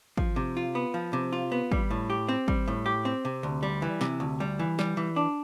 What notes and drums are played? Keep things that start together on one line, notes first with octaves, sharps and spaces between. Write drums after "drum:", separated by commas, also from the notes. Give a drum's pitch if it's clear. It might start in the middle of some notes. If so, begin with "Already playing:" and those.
F3, drum: kick
C3
F4
B3
F3
C3
F4
B3
G3, drum: kick
A2
G4
C4
G3, drum: kick
A2
G4
C4
C3
D2
G3
E3
C3, drum: snare
D2
G3
E3
G3, drum: snare
E3
D4